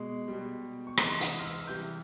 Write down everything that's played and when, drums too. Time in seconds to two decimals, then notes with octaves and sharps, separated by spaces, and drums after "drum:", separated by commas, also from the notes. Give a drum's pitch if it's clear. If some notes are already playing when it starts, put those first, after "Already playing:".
Already playing: B2 G#3
0.28 B2 G3
0.87 C#6
0.97 C3 E3 G#3 C6, drum: rim click
1.21 D#6, drum: hi-hat
1.39 F6
1.45 E6
1.67 C3 E3 G3 G6